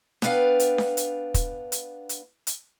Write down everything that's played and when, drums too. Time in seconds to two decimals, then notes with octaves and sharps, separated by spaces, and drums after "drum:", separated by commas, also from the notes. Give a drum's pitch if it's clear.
0.22 B3 D4 B4 D5 F5 G5, drum: snare D4
0.60 drum: hi-hat
0.78 drum: snare D4
0.97 drum: hi-hat
1.34 drum: kick, hi-hat
1.72 drum: hi-hat
2.09 drum: hi-hat
2.47 drum: hi-hat